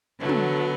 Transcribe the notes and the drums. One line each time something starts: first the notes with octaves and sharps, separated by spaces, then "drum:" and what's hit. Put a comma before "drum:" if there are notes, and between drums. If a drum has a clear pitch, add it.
D3 F#3 A3 B3
drum: tom